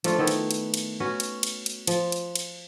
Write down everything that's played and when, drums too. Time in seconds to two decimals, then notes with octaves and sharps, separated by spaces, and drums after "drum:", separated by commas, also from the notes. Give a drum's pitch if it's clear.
0.04 F3 A3 D4 F4, drum: cymbal
0.18 D#3 A3 B3 E4
0.27 drum: cymbal
0.51 drum: cymbal
0.74 drum: cymbal
1.00 C#4 F#4 B4
1.20 drum: cymbal
1.43 drum: cymbal
1.66 drum: cymbal
1.87 F3, drum: cymbal
2.12 drum: cymbal
2.35 drum: cymbal